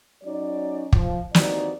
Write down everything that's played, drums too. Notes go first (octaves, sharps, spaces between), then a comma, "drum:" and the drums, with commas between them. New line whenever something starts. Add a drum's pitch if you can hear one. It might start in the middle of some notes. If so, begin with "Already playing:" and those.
F#3 C#4 D#4 D5
F3, drum: kick
D#2 E3 C4 D#4 F#4 D5, drum: snare